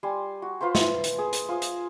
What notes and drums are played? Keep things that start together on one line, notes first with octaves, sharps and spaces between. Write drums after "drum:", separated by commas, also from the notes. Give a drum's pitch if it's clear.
G3 G#5 C6
F#4
F4 B4 C5 C6
E5, drum: snare
drum: hi-hat
G#4
drum: hi-hat
F4 C5 G#5 D#6
drum: hi-hat